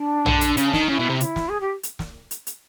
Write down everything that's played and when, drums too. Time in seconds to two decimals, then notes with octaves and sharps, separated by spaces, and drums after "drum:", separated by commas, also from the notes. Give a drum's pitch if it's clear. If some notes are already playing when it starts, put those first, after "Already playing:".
Already playing: D4
0.26 D3, drum: tom A#1
0.41 drum: hi-hat
0.57 C#3 C#4, drum: hi-hat
0.67 D4
0.73 D#3, drum: snare
0.88 C#3 E4
0.99 B2
1.09 C3
1.20 F4, drum: hi-hat
1.24 E4
1.36 drum: snare
1.49 G#4
1.60 G4
1.83 drum: hi-hat
1.99 drum: snare
2.31 drum: hi-hat
2.47 drum: hi-hat